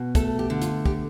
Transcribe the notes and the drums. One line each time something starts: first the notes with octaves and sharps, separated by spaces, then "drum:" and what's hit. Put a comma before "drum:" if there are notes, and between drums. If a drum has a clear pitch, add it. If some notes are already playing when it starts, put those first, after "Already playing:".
Already playing: B2
A3 A4, drum: kick, hi-hat
G4
D3
F4, drum: hi-hat
G4, drum: kick